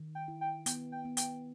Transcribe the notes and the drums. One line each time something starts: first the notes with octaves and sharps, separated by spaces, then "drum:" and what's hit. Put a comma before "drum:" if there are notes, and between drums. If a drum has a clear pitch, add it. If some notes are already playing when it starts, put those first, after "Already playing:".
Already playing: D#3
G5
E4
G5
B3 G5, drum: hi-hat
G5
B3
G5, drum: hi-hat